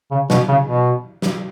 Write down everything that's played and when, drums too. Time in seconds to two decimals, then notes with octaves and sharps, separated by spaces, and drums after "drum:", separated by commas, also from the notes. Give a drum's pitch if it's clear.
0.11 C#3
0.30 B2, drum: snare
0.48 C#3
0.67 B2
1.22 drum: snare